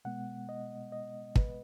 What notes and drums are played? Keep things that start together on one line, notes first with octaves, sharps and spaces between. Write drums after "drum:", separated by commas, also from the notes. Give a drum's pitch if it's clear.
B2 G#3 B3 F#5
D#5
D#5
B4, drum: kick